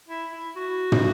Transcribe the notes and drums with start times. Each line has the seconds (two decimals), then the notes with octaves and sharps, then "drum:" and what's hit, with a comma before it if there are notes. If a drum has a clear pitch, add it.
0.08 E4
0.32 E4
0.56 F#4
0.92 drum: tom